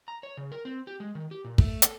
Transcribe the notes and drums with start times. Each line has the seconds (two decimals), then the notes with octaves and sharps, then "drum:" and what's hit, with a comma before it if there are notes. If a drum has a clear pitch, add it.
0.08 A#5
0.23 C#5
0.37 C#3
0.52 A#4
0.65 C4
0.87 G4
1.00 G#3
1.15 D#3
1.31 G4
1.44 A#2
1.58 A3, drum: kick
1.82 A4, drum: hi-hat